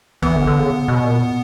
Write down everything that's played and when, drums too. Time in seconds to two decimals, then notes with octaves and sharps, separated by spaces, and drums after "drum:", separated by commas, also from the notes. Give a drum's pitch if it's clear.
0.22 E3 B3, drum: kick
0.36 D3
0.47 D3
0.59 C#3
0.88 B2
1.04 A#2